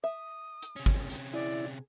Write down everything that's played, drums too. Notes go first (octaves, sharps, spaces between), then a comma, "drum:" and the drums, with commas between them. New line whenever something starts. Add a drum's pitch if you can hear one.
E5 D#6
drum: hi-hat
C3 C#4
drum: kick
drum: hi-hat
E4 G#4 D5